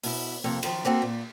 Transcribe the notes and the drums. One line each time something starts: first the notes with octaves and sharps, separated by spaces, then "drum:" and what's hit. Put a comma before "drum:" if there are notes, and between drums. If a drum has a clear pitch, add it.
B2 E4, drum: open hi-hat
F2 C3 A#3 A4
F#2 D#3 F3, drum: cymbal
A#3 C4 F#4 A4
A#2